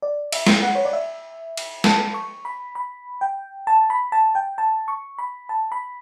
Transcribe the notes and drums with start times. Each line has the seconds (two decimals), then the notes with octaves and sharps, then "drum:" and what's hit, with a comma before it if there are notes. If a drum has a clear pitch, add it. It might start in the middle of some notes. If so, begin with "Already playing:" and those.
0.02 D5
0.32 E5, drum: cymbal
0.47 drum: snare
0.63 F#5
0.75 C#5
0.85 D5
0.93 E5
1.57 drum: cymbal
1.84 A5, drum: snare
2.14 C#6
2.45 B5
2.75 B5
3.21 G5
3.67 A5
3.90 B5
4.12 A5
4.35 G5
4.58 A5
4.88 C#6
5.19 B5
5.49 A5
5.72 B5